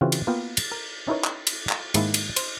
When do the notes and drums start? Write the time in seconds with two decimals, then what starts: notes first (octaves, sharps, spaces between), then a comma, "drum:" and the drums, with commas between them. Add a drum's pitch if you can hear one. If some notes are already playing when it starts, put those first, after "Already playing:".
0.01 C#3 E3 C4 C#4 F4 F#4
0.12 drum: cymbal
0.27 A#3 B3 F4 A#4 F5 G5
0.57 drum: cymbal
0.71 A#4
1.07 C#4 D#4 E4 A#4 B4 C#5
1.24 drum: clap
1.47 drum: cymbal
1.69 drum: clap
1.94 G#2 D#3 G#3 A#3 D#4 E4, drum: cymbal
2.14 drum: cymbal
2.36 C5, drum: cymbal